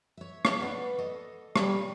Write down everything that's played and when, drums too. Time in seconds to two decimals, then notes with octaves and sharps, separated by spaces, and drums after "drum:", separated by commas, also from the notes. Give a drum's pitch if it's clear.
0.17 C#5 E5
0.45 drum: rim click
0.60 B4 D5 F#5
0.98 A4 D#5
1.56 G3, drum: rim click